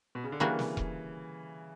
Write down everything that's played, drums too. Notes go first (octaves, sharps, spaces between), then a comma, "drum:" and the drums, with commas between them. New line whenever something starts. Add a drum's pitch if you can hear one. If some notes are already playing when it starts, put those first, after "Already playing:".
B2
C#3
D3
C#3 E3 G3 A#3 D4 F#4
drum: snare
drum: kick E1